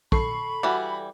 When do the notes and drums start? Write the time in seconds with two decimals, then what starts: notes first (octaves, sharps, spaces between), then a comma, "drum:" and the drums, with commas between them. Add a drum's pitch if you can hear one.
0.12 A4 B5 C#6 C7, drum: kick
0.63 E3 G3 F#4